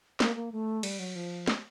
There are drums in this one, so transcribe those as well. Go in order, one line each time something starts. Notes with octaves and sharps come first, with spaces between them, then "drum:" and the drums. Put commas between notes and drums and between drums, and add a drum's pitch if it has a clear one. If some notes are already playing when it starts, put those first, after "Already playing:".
A#3, drum: snare
A#3
A3
G3, drum: cymbal
F#3
F3
drum: snare